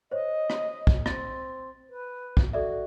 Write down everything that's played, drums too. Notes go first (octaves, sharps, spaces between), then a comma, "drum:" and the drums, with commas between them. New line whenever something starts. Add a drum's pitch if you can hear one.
C5 C#5 D#5
drum: rim click
drum: kick
C4 A6, drum: rim click
B4
drum: kick
F#4 A4 D5 E5